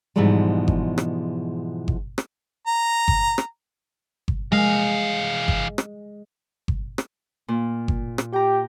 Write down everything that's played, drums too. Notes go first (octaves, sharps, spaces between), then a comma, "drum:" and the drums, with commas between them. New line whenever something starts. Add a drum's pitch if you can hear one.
G#2 B2 E3 F3 G3 G#3
drum: kick G1
drum: rim click
drum: kick G1
drum: rim click
A#5
drum: kick G1
drum: rim click
drum: kick G1
E3 G#3 F5
drum: kick G1
drum: rim click
drum: kick G1
drum: rim click
A#2
drum: kick G1
drum: rim click
G4 G5 A#5